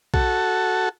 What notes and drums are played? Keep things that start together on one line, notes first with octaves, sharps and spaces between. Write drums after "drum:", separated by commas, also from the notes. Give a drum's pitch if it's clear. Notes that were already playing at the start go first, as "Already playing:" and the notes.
F#4 A4, drum: kick B1